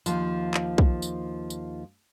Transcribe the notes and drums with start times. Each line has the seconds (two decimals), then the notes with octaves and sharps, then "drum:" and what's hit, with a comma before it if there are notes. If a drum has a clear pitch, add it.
0.06 D#2 F3, drum: tambourine
0.54 drum: clap
0.78 drum: kick
1.02 drum: tambourine
1.50 drum: tambourine